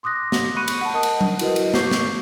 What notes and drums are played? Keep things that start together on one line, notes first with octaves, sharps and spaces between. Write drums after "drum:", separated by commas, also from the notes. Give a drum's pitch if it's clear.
C6 D6 D#6 F#6 A#6
drum: snare
B5 C#6 F#6 C#7 D#7
drum: cymbal
F#5 A5
A#4 D#5 F#5 A5 D#6
drum: cymbal
drum: tom F#3
E4 F#4 A#4 B4 D#5, drum: cymbal
drum: cymbal
C#6 D6 G6 C7, drum: snare
drum: snare